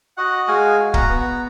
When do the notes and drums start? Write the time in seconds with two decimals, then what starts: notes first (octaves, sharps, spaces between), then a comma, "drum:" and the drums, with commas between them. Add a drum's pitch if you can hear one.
0.17 F#4 D#5 F#5
0.48 G#3 F5 G#5
0.79 F#4
0.94 F#5 A#5, drum: kick C#1
1.09 B3